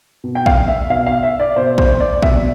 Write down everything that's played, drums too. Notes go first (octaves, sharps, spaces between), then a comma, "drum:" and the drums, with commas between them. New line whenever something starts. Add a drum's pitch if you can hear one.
B2
G5
F5, drum: kick A#1
E5
B2 F5
F5
E5
D5
B2 C5
C5, drum: kick A#1
D5
B2 E5, drum: kick A#1